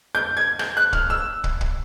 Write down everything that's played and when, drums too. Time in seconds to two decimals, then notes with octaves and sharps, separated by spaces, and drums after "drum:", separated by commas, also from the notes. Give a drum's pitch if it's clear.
0.15 G6
0.37 G#6
0.59 G6, drum: rim click
0.77 F#6
0.93 F6, drum: kick
1.10 E6
1.44 drum: kick
1.61 drum: kick